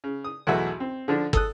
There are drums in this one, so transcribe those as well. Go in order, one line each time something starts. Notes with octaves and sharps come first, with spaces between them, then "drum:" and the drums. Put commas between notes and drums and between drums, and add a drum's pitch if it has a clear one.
C#3
D#6
B1 E2 A3 F#4 E5
C4
D3 F3 D4
A4 D#6 F#6, drum: kick